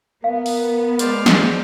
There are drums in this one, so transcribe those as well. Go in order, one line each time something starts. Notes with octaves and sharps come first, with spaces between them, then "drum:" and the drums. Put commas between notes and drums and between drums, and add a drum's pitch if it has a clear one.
B3 A#4 F5
drum: open hi-hat
G#3 C5 D5 F6, drum: hi-hat
drum: snare